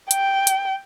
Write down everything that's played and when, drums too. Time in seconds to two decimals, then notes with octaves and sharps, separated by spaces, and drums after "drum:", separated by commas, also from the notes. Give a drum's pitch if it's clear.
0.11 G5, drum: hi-hat
0.47 drum: hi-hat